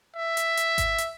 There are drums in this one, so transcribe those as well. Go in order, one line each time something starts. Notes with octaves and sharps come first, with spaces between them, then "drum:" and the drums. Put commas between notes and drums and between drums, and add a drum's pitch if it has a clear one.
E5
drum: hi-hat
drum: hi-hat
drum: kick G#1, hi-hat
drum: hi-hat